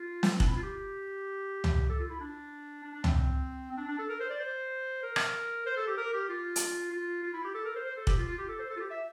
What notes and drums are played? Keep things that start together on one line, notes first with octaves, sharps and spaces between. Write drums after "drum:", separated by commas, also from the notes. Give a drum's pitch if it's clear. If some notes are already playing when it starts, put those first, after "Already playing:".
Already playing: F4
drum: snare
C4
D4, drum: kick
E4
F4
G4
drum: tom C#2
A4
F4
E4
D4
D4
D4
C4, drum: tom C#2
C4
D4
D4
A4
A#4
C5
D5
C5
A#4
drum: rim click
C5
A4
G4
A#4
G4
F4
drum: hi-hat
F4
F4
E4
G4
A4
A#4
C5
C5
A4
G4, drum: kick
F4
F4
G4
A4
C5
A4
F4
G4
E5